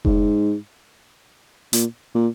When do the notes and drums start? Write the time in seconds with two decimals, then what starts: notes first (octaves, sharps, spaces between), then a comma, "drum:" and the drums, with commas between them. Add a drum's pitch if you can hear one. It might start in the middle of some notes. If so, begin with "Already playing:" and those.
0.05 G#2, drum: kick F1
1.73 A#2, drum: hi-hat
2.15 A#2